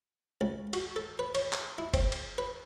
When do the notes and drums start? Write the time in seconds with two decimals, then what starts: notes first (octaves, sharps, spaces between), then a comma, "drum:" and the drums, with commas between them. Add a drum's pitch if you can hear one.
0.41 C#2
0.73 F#4, drum: cymbal
0.96 A4
1.19 B4
1.35 C#5, drum: cymbal
1.53 drum: clap
1.78 E4
1.94 C4, drum: kick, cymbal
2.12 drum: cymbal
2.38 B4